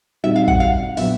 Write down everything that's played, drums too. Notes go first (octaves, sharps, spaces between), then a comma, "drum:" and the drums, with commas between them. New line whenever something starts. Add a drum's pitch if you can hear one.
A#2 G3 C4 D#4 F#4 E5
F5
F#5, drum: kick A1
F5
A#2 F#3 B3 D4 E5, drum: open hi-hat